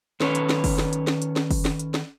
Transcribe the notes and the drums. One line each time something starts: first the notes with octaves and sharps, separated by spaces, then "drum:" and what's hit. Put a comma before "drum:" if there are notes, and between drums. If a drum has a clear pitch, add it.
D#3 C#4 A4 B4 C#5, drum: snare
drum: hi-hat
drum: snare
drum: kick, open hi-hat
drum: snare
drum: hi-hat
drum: snare
drum: hi-hat
drum: snare
drum: kick, open hi-hat
drum: snare
drum: hi-hat
drum: snare